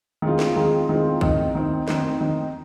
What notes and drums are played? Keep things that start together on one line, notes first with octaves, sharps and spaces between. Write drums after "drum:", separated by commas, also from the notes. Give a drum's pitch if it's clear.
D#3 G#3 C4 F4
drum: snare
D#3 G#3 C4 F4
D#3 G#3 C4 F4
D#3 C4 D#4, drum: kick
D#3 C4 D#4
D#3 C4 D#4, drum: snare
D#3 C4 D#4